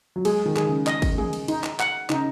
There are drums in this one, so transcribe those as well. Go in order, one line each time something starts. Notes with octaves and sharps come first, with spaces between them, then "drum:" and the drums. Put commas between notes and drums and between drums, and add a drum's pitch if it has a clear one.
F#3
G#3 G#4, drum: cymbal
D#3
G#4, drum: clap
C#3
D#5, drum: clap
drum: kick, cymbal
G#4, drum: tom
drum: cymbal
D#4, drum: cymbal
drum: clap
F#5, drum: clap
C#3 D#4, drum: clap